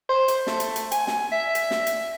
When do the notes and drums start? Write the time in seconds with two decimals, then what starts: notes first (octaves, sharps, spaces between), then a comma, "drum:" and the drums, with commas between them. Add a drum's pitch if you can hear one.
0.09 C5
0.28 drum: hi-hat
0.47 A3, drum: snare
0.60 drum: hi-hat
0.76 drum: hi-hat
0.92 G#5, drum: hi-hat
1.07 drum: snare
1.32 E5
1.55 drum: hi-hat
1.71 drum: snare
1.87 drum: hi-hat